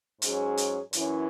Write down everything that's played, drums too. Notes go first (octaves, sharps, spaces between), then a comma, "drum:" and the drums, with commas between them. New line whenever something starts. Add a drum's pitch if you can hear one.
G#2 F#3 C#4 G#4, drum: hi-hat
drum: hi-hat
F#2 E3 C#4 E4, drum: hi-hat